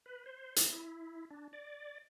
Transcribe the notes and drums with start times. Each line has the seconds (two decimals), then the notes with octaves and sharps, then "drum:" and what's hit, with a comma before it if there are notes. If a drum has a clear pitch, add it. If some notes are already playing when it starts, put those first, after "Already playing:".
0.06 B4
0.26 C5
0.56 drum: hi-hat
0.66 E4
1.30 D4
1.53 D5